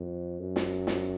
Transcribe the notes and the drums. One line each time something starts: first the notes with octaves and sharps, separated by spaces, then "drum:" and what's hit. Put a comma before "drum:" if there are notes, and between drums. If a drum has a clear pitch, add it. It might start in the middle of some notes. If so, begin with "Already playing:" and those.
Already playing: F2
F#2
drum: snare
drum: snare